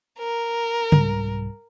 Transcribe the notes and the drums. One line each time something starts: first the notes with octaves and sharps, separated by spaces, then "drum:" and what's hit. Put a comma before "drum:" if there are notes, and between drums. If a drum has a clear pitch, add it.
A#4
C2 G#2 G3, drum: tom